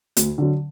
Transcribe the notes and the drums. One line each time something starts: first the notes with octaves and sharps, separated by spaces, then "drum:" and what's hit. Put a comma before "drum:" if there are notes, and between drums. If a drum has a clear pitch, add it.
D2, drum: hi-hat
D3 F#3